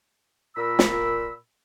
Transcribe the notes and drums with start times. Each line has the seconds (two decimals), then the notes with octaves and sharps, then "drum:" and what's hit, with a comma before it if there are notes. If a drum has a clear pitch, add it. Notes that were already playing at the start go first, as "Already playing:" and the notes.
0.57 A#2 A#4 B5 E6
0.79 drum: snare